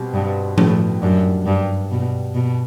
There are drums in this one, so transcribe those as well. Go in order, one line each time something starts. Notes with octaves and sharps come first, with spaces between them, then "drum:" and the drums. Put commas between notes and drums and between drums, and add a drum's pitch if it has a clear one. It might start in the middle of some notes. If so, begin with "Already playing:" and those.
Already playing: B2 G3 C4 G4
G2
A2, drum: tom F3
F#2 G3 D4 G4
G2
B2
B2